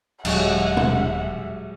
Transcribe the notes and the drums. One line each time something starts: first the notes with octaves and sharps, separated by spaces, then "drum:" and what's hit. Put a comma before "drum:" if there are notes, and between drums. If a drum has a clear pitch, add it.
D#1 F#3 G#3 G4 E5 F#5, drum: cymbal
drum: tom